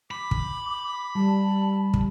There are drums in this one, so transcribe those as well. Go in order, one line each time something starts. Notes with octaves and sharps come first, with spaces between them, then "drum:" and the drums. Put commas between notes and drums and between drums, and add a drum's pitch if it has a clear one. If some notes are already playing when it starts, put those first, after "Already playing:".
B5 D6
drum: kick
G3 A5
drum: kick